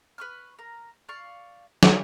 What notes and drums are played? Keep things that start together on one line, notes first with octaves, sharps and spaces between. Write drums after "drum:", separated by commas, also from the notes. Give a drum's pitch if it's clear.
B4 C#6 F6
A#4
D5 F5 C#6
drum: snare